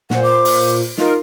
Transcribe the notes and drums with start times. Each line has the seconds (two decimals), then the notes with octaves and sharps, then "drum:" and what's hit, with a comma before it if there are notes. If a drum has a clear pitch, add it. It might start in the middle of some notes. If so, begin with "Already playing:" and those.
0.10 A#2 C5 F#5, drum: snare
0.23 D6
0.45 drum: open hi-hat
0.98 D#4 F4 A#4, drum: snare